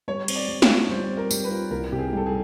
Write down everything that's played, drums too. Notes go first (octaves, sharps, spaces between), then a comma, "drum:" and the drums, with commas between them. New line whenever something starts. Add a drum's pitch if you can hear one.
G3 C#5
C4, drum: cymbal
D5
G3
C#5, drum: snare
F4
G3 C5
C4
A#4
G3, drum: tambourine
B4
F4
C2 A#4
C3 G4
G#4
G3 A4
G#4